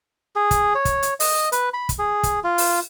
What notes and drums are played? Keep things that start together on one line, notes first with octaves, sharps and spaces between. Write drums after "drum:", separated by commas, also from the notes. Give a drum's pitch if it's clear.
G#4
drum: kick, hi-hat
C#5
drum: kick, hi-hat
drum: hi-hat
D#5, drum: open hi-hat
B4, drum: hi-hat
B5
drum: kick, hi-hat
G#4
drum: kick, hi-hat
F4
drum: open hi-hat